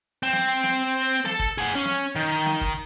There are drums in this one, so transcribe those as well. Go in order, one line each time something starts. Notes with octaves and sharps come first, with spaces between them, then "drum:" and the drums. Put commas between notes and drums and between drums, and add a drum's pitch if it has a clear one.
C4
drum: snare
drum: snare
A4, drum: snare
drum: kick
G#4 F#5
C#4
drum: snare
D#3
drum: snare
drum: kick